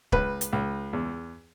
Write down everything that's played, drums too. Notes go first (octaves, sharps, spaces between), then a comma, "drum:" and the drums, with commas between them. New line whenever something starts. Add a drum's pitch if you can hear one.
C#2 B4, drum: kick
drum: hi-hat
C#2
E2